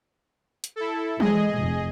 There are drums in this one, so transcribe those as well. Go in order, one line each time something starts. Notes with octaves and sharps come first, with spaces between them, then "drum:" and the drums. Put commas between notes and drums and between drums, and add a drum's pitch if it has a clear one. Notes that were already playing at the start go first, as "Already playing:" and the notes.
drum: hi-hat
E4 A4
G#3 G#4 D#5, drum: tom
F1